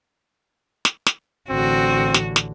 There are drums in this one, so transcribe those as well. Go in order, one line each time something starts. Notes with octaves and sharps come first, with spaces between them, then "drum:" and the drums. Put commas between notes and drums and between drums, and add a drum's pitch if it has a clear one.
drum: snare
drum: snare
A1 D3 C4 F#4
drum: snare
drum: snare